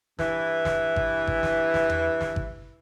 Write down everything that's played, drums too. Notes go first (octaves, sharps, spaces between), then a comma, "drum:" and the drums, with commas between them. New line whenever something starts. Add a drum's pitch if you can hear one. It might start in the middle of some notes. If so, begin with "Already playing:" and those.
G2 E3, drum: snare
drum: snare
drum: kick G#1
drum: kick G#1
drum: snare
drum: snare
drum: tom E2
drum: snare
drum: kick G#1